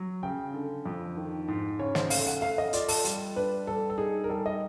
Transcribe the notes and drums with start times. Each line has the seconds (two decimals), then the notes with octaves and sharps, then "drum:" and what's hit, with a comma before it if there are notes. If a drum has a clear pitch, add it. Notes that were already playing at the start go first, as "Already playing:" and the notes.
Already playing: F#3
0.23 C#3 G5
0.54 D3
0.86 F2
1.17 D#3
1.48 G#2
1.79 C#3 C#5
1.95 C5, drum: snare
2.10 A3 F5, drum: open hi-hat
2.27 F#5
2.41 A3 F5
2.58 D#5
2.73 F4 D5, drum: hi-hat
2.88 A4, drum: open hi-hat
3.04 G3, drum: hi-hat
3.36 D4 B4
3.67 G3 A4
3.90 A4
3.98 D#4 G#4
4.24 A#4
4.29 G3 A4
4.46 D#5